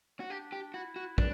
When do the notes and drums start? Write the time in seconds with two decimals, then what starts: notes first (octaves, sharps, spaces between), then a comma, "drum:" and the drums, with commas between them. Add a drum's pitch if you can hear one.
0.20 F#4
0.30 D4 G4
0.52 G4
0.74 E4 F#4
0.96 F#4
1.18 D4 B4, drum: kick